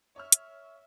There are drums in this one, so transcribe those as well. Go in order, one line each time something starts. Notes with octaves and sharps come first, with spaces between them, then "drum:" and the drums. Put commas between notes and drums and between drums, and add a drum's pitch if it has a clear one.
C#5 E5 C#6 F6
drum: hi-hat